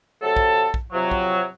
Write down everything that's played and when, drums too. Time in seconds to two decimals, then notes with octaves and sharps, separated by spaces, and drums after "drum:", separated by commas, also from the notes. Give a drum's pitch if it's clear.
0.23 C3 F#3 A4
0.37 drum: kick
0.74 drum: kick
0.93 C3 F3 F#3
1.11 drum: kick